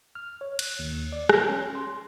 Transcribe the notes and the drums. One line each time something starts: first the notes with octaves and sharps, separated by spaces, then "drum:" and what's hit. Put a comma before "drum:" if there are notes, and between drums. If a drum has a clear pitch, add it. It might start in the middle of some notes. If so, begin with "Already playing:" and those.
F6
C#5
F#6, drum: cymbal
D#2
D5
A#6, drum: rim click
C#4
C6